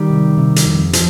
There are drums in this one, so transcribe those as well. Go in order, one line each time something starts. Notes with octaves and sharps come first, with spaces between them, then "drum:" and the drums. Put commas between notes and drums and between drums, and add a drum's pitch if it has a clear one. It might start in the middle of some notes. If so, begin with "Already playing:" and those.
Already playing: D#3 G3
C3
C3
drum: hi-hat
F2
F3, drum: hi-hat